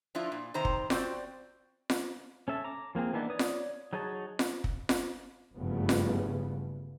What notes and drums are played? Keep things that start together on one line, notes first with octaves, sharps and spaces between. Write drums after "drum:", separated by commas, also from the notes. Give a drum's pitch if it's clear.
F3 D4 E4 F4
A#2
C3 D#3 C5 A#5
drum: kick
C4 F#4 C5 D5, drum: snare F4
drum: snare F4
C#4 A4 E5 A5
A#5 D6
F3 A#3 C4 G#4
E3 A#3 B3 D4 D#4
C#5 D5 D#6
drum: snare F4
F#3 D#4 G#4 C#5 A5
drum: snare F4
drum: kick
drum: snare F4
F#1 G2 C#3 F3 A3 B3
drum: snare F4